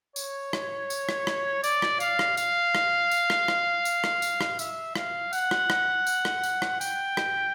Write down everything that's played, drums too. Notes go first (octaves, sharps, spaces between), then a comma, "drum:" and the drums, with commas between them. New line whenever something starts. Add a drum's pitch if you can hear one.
C#5, drum: tambourine
drum: rim click
drum: tambourine
drum: rim click
drum: rim click
D5, drum: tambourine
drum: rim click
F5, drum: tambourine
drum: rim click
F5, drum: tambourine
drum: rim click
drum: tambourine
drum: rim click
drum: rim click
drum: tambourine
drum: rim click
drum: tambourine
drum: rim click
E5, drum: tambourine
F5, drum: rim click
F#5, drum: tambourine
drum: rim click
drum: rim click
drum: tambourine
drum: rim click
drum: tambourine
drum: rim click
G5, drum: tambourine
drum: rim click